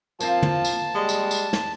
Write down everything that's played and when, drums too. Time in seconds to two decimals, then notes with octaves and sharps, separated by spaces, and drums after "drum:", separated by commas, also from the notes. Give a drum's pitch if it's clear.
0.20 F3 A#3 C4 F4 A5, drum: tambourine
0.43 drum: tom
0.65 drum: tambourine
0.95 G3 G#3
1.09 drum: tambourine
1.31 drum: tambourine
1.53 drum: snare